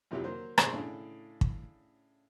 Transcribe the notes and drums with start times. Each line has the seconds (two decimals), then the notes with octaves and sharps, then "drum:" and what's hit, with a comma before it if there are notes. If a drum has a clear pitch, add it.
0.11 F2 C3 E3 F#3 E4 G4
0.24 F#3 A#3 C5
0.58 A#1 B2 G#4 C5 C#6 F#6, drum: rim click
0.73 A2 C#3 D4
1.41 drum: kick